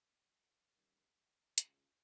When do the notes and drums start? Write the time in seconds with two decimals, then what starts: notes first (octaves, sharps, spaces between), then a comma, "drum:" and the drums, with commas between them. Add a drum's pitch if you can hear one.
0.74 G2 D#3 G3 C#4
1.58 D#2 C#3 G#3 C#4 F4, drum: hi-hat